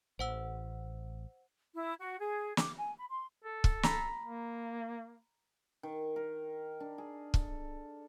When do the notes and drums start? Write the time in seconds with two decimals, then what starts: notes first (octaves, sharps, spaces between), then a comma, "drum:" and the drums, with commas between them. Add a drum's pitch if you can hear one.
0.19 A1 C5 F#5 E6
1.74 E4
2.00 F#4
2.19 G#4
2.57 D6, drum: snare
2.78 G#5
2.96 B5
3.09 C6
3.44 A4
3.64 drum: kick
3.83 A#5 B5, drum: snare
4.23 A#3
5.83 D#3
6.16 A#4
6.80 D4
6.98 G#4
7.34 A4, drum: kick